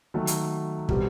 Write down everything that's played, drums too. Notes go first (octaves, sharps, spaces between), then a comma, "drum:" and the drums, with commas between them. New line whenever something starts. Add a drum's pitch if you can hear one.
D#3 F#3 A3
drum: hi-hat
B2 G3 C4, drum: kick